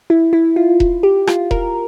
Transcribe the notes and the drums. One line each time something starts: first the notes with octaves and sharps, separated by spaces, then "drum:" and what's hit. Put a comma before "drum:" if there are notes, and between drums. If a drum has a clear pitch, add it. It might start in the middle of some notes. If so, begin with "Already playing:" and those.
E4
E4
F4
drum: kick E1
G4
F4, drum: rim click
A#4, drum: kick E1